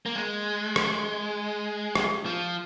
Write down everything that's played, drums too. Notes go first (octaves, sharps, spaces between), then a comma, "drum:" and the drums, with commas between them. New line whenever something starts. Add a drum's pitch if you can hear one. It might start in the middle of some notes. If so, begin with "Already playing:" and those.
A#3
G#3
drum: rim click
drum: rim click
F3